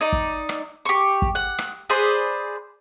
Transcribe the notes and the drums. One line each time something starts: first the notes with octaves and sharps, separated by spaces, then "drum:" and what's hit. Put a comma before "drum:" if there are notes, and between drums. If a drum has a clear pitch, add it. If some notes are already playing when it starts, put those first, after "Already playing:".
D#4 D5
drum: kick
drum: rim click
G4 C#6
drum: kick
F#5
drum: rim click
G#4 B4 C5 D5